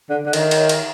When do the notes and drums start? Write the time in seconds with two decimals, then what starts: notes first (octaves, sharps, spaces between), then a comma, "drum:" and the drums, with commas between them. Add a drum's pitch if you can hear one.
0.09 D3
0.26 D3
0.33 D#3, drum: cymbal
0.51 drum: cymbal
0.69 drum: cymbal